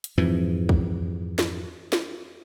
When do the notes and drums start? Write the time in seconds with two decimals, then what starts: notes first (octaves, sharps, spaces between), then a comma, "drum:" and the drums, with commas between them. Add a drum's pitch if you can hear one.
0.04 drum: hi-hat
0.18 F2 G#2 E3
0.69 drum: kick
1.39 drum: snare
1.93 drum: snare